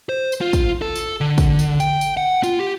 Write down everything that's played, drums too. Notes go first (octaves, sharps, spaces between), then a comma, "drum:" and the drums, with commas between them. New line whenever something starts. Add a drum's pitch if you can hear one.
C5
drum: tambourine
F4
drum: kick, tambourine
A4
drum: tambourine
D3
drum: kick, tambourine
drum: tambourine
G5, drum: tambourine
drum: tambourine
F#5
F4, drum: tambourine
G4